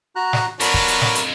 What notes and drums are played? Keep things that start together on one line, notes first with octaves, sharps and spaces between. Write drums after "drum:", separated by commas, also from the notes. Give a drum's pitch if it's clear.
F#4 A#5 F#6
drum: snare
F2 D3 F#3 D4 A#4 B4, drum: hi-hat
drum: kick
drum: hi-hat
drum: snare
drum: hi-hat